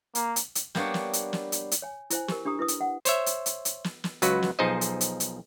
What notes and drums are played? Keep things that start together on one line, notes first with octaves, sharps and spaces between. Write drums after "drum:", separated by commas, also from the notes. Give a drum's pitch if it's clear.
A#3, drum: hi-hat
drum: hi-hat
drum: hi-hat
G3 A#3 B3 D4 B4 C#5, drum: snare
drum: snare
drum: hi-hat
drum: snare
drum: hi-hat
drum: hi-hat
C#5 G#5
E4 C5 G#5, drum: hi-hat
G4 A#4, drum: snare
D4 G4 A#5 D#6
E4 B4 D#6
drum: hi-hat
F#5
C5 C#5 E5, drum: hi-hat
drum: hi-hat
drum: hi-hat
drum: hi-hat
drum: snare
drum: snare
C#2 F#3 F#4 B4, drum: hi-hat
drum: snare
B1 F3 D#4 G#4 C5 D#5
drum: hi-hat
drum: hi-hat
drum: hi-hat